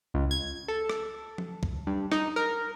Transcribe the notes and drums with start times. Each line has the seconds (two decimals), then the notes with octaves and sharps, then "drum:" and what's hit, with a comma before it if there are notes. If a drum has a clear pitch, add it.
0.14 C#2
0.31 G#6
0.68 A4
0.90 drum: rim click
1.38 drum: tom F3
1.63 drum: kick
1.87 G2
2.12 D#4, drum: rim click
2.36 A#4